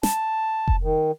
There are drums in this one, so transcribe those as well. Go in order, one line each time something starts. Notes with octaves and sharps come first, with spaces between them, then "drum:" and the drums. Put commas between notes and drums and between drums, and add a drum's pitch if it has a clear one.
A5, drum: snare
drum: kick F1
D#3